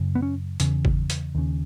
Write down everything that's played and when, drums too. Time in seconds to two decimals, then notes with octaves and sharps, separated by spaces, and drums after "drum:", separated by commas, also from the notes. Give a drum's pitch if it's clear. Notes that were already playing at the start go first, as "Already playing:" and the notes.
Already playing: F#2 C#3
0.15 B3
0.22 C#4
0.60 E2 C#3, drum: hi-hat
0.85 drum: kick G1
1.10 drum: hi-hat
1.35 D#2 C#3